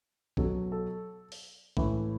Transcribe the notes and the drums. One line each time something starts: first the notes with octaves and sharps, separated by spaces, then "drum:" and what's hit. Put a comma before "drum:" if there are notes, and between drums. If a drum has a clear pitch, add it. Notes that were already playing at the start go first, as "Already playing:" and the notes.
B2 F#3 A4, drum: kick A#1
A4
drum: open hi-hat
A2 E3, drum: kick A#1